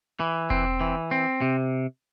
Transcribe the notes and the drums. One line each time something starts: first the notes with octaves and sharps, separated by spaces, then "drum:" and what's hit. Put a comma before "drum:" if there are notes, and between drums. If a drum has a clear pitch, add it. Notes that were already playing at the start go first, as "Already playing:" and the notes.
E3
C4, drum: kick E1
E3
C4
C3